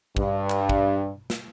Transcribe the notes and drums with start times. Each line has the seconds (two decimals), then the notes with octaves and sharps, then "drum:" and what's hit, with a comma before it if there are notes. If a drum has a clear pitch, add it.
0.17 G2, drum: kick
0.50 drum: clap
0.69 drum: kick
1.30 drum: snare